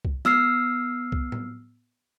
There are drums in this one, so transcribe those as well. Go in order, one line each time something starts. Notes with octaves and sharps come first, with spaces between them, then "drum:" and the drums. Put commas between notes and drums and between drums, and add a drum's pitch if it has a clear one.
drum: kick C2
B3 E6 F6 C7, drum: snare
drum: kick C2
drum: tom A2